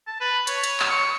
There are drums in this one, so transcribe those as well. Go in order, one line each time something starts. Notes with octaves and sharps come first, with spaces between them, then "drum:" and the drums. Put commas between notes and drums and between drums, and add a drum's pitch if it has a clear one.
A5
B4
C#5, drum: hi-hat
drum: hi-hat
drum: clap
C#6